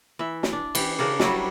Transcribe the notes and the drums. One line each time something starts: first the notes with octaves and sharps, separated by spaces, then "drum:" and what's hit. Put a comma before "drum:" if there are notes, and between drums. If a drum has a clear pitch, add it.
E3 E5
drum: snare
D4
E3 G4, drum: cymbal
C#3 D4 A#4
F#3 G3 E4 F#4, drum: snare